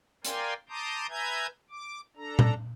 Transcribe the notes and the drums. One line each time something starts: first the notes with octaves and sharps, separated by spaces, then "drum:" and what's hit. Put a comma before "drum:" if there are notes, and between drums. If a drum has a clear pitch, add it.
A#4 D5 F5 G5 G#5 C6, drum: hi-hat
A5 A#5 C6 D6 D#6 G6
B4 E5 G#5 A#5 G6 G#6
D6
D4 A4 A#5
drum: tom A#2